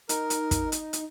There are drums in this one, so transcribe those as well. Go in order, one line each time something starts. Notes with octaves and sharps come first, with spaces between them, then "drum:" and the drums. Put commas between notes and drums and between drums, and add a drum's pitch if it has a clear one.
D#4 A#4, drum: hi-hat
drum: hi-hat
drum: kick, hi-hat
drum: hi-hat
drum: hi-hat